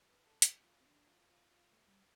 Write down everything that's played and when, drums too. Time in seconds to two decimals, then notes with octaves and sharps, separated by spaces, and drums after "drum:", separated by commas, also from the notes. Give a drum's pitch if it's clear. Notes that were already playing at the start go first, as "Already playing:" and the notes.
0.09 B4
0.26 A4
0.42 G4, drum: hi-hat
0.64 F4
0.81 C4
0.86 D4
1.07 F4
1.30 F4
1.51 F4
1.73 A3
1.87 G3